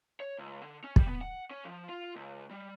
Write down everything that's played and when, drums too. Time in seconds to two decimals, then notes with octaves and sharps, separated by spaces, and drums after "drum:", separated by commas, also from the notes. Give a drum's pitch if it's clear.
0.20 C#5
0.38 C#2
0.63 D3
0.84 C#4
0.96 G3, drum: kick
1.08 B3
1.21 F#5
1.51 C#4
1.64 F3
1.89 F4
2.16 C#2
2.51 G3